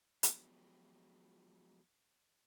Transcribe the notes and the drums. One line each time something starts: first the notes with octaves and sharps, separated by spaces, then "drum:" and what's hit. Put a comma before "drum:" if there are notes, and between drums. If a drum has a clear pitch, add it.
F3 F#3 G#3 B3 F4 G4, drum: hi-hat